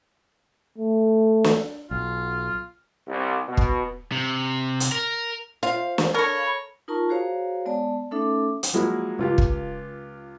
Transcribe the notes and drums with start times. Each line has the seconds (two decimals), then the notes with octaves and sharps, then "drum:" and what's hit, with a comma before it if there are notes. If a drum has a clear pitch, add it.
0.78 A3
1.44 drum: snare
1.91 B1 F4
3.08 C2
3.48 B2
3.57 drum: kick
4.12 C3
4.80 drum: hi-hat
4.92 A#4
5.63 F4 C5 F5
5.98 drum: snare
6.14 A4 A#4 C#5 B5
6.88 D#4 F4 A#4 A5 A#5 C#6
7.09 F#4 G#4 C5 C#5 F5 A#5
7.66 G#3 B3 D5 A5
8.11 A3 C#4 D#4 A4 E5 D6
8.63 drum: hi-hat
8.73 F3 F#3 G#3 A#3 E4
9.19 C#2 F4 G4
9.38 drum: kick